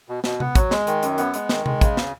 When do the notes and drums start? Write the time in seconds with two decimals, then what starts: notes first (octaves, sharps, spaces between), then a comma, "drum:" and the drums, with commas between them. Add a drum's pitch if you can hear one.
0.09 B2
0.24 B2, drum: snare
0.40 B3, drum: tom C3
0.55 F#3, drum: kick, hi-hat
0.71 G#3, drum: snare
0.87 D#3, drum: hi-hat
1.03 F#2, drum: hi-hat
1.18 B3, drum: hi-hat
1.34 G#3, drum: hi-hat
1.49 D#3, drum: snare
1.66 G#3, drum: tom C3
1.81 C#3, drum: kick, hi-hat
1.97 drum: snare